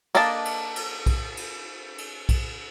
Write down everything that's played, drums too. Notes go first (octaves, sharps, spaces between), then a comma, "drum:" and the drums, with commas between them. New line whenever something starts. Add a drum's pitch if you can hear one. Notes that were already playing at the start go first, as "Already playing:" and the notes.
A#3 D4 A4 D#5 A5, drum: cymbal
drum: cymbal
drum: cymbal
drum: kick B1, cymbal
drum: cymbal
drum: cymbal
drum: kick B1, cymbal